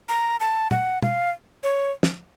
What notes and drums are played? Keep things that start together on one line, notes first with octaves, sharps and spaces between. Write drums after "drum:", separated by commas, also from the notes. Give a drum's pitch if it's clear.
A#5
A5
F#5, drum: tom
F5, drum: tom
C#5
drum: snare